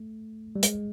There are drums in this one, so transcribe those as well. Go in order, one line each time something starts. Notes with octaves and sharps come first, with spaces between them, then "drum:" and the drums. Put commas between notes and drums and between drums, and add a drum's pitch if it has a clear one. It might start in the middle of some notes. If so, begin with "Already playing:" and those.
Already playing: A3
G3
G#3, drum: hi-hat